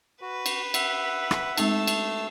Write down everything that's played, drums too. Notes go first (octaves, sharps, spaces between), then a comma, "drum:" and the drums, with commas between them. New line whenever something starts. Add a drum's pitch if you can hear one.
F#4 B4
drum: cymbal
E5 F#5, drum: cymbal
drum: rim click
G#3 A3 C4 D#4 A5 E6, drum: cymbal
drum: cymbal